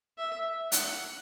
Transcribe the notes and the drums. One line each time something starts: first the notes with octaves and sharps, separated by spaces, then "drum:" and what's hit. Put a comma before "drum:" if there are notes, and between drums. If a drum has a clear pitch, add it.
E5
F#5, drum: hi-hat